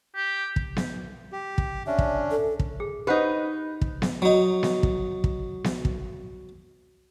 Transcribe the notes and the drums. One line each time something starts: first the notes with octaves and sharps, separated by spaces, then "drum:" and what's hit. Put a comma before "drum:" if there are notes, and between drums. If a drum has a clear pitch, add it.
G4
drum: kick
drum: snare B3
G4
drum: kick
C#4 D4 E5
drum: kick
A4
drum: kick
G#4
D#4 G4 B4 C5 F#5
drum: kick
drum: snare B3
F#3 D#4
drum: snare B3
drum: kick
drum: kick
drum: snare B3
drum: kick